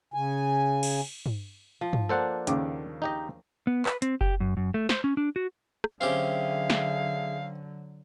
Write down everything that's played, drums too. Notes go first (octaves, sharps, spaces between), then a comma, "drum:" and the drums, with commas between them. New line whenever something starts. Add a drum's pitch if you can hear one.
C#3 G#5
drum: cymbal
drum: tom
F3
drum: tom
A#3 D4 A4 C5 F#5
D#2 C#3 D6, drum: hi-hat
D#4 G4 D#5
B3
B4, drum: clap
C4, drum: hi-hat
G4, drum: kick F#1
F#2
F#2
A3
C5, drum: snare
C#4
D4
F#4
drum: rim click
D3 F#3 C4 C#4 G4 G#4 E5 F5
drum: snare